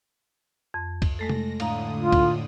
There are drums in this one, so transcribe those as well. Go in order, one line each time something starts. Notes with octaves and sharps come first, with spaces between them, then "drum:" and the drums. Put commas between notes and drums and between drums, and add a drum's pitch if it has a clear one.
F2
drum: kick, cymbal
G#3 A3 A4 A#6
drum: tom C3
A2 D3 F5 A#5 D#6, drum: cymbal
F4
drum: kick, cymbal